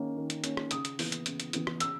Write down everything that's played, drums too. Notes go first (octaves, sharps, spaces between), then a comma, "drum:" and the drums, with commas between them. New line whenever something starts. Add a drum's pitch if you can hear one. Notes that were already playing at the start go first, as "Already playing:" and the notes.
Already playing: D#3 A#3 C#4
D#3
drum: hi-hat
A#3 C#4, drum: hi-hat
drum: rim click
C#3 D#6, drum: hi-hat
drum: hi-hat
E3 B3 E4, drum: open hi-hat
drum: hi-hat
C#3, drum: hi-hat
drum: hi-hat
E3 B3 E4, drum: hi-hat
drum: rim click
C#3 E6, drum: hi-hat